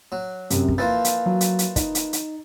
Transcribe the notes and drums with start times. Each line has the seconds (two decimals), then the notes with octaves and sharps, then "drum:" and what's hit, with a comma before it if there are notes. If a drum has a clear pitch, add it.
0.12 F#3
0.50 F#2 C3, drum: hi-hat
0.68 drum: kick
0.78 E3 F3 A#3 A6
1.05 drum: hi-hat
1.26 F#3
1.41 drum: hi-hat
1.59 drum: hi-hat
1.76 D#4, drum: kick, hi-hat
1.95 drum: hi-hat
2.13 drum: hi-hat